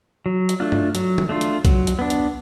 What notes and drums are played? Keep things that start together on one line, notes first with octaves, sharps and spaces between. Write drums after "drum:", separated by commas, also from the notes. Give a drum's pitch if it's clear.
F#3
drum: hi-hat
A3 D4 F4
drum: tom G2
F#3, drum: hi-hat
drum: tom D#3
A3 D4 F4
drum: hi-hat
F#3, drum: kick B1, hi-hat
drum: hi-hat
B3 D4
drum: hi-hat